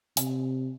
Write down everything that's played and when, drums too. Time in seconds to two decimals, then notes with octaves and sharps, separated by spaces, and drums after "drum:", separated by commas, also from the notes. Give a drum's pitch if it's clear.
0.17 C3, drum: hi-hat